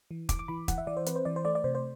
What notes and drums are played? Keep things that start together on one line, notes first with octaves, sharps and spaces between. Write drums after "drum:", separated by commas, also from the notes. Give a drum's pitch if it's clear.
E3
E3 D6, drum: kick, hi-hat
D6
E3 B5
E3 F#5, drum: kick, hi-hat
E5
E3 D5
C5
C4 B4, drum: hi-hat
C5
E3 D5
C5
A3 D5
D5
C3 C5
C5